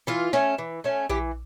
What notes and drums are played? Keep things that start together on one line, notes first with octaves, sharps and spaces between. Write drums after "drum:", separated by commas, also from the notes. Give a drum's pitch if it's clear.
E3 F4
A3 C#4, drum: snare
E3
A3 C#4
E3 G4, drum: kick A#1